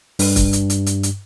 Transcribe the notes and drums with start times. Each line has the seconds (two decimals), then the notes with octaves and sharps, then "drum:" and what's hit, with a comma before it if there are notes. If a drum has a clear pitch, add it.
0.19 G2, drum: open hi-hat
0.36 drum: kick, hi-hat
0.53 drum: hi-hat
0.70 drum: hi-hat
0.86 drum: hi-hat
1.03 drum: hi-hat